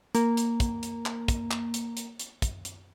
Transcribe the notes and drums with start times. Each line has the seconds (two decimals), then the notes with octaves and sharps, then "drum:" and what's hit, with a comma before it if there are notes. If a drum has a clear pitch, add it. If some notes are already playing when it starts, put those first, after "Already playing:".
0.15 A#3, drum: hi-hat
0.37 drum: hi-hat
0.60 drum: kick, hi-hat
0.83 drum: hi-hat
1.06 drum: clap
1.28 drum: kick, hi-hat
1.51 drum: clap
1.74 drum: hi-hat
1.97 drum: hi-hat
2.19 drum: hi-hat
2.42 drum: kick, hi-hat
2.65 drum: hi-hat